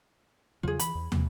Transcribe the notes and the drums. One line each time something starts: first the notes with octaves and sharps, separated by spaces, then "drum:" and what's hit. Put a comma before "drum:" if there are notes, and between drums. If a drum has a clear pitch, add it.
E2 C#3 F#3 F4 G#4
E3 B5, drum: hi-hat
E2
C3 A#3, drum: tom